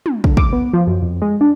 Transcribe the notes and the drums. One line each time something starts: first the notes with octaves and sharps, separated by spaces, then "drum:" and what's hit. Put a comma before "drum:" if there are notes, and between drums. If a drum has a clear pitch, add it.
drum: tom
D3, drum: kick
D6, drum: kick
B3
F3
F#2
F2
G#3
D4